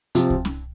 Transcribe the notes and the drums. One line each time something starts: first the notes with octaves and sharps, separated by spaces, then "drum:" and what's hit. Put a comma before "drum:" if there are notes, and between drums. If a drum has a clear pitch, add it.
C3 F3, drum: hi-hat
drum: kick C2
drum: snare C#4